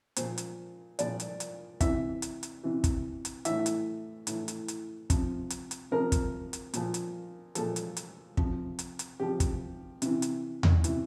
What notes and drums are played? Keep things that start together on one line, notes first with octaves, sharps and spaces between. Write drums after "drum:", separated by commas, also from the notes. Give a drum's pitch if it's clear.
A#2 F3 C5, drum: hi-hat
drum: hi-hat
A#2 F3 D5, drum: hi-hat
drum: hi-hat
drum: hi-hat
C3 E3 E5, drum: kick, hi-hat
drum: hi-hat
drum: hi-hat
C3 E3
drum: kick, hi-hat
drum: hi-hat
A2 E3 E5, drum: hi-hat
drum: hi-hat
A2 E3, drum: hi-hat
drum: hi-hat
drum: hi-hat
C3 F3, drum: kick, hi-hat
drum: hi-hat
drum: hi-hat
C3 F3 A#4
drum: kick, hi-hat
drum: hi-hat
A#2 F3, drum: hi-hat
drum: hi-hat
A#2 F3 A4, drum: hi-hat
drum: hi-hat
drum: hi-hat
C3 F3, drum: kick
drum: hi-hat
drum: hi-hat
C3 F3 G4
drum: kick, hi-hat
C3 E3, drum: hi-hat
drum: hi-hat
drum: tom E2
C3 E3, drum: hi-hat